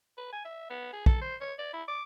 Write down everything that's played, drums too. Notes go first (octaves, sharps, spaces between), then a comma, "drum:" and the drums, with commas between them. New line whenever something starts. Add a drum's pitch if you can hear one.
B4
G#5
E5
B3
G#4
A4, drum: kick
C5
C#5
D5
E4
D6